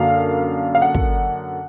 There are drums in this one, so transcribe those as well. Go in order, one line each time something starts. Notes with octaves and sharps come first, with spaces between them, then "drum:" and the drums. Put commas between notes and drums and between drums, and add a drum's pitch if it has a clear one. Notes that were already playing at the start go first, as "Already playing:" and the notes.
Already playing: F#2 D3 F#3 A#3 F5
F5
F#5
drum: kick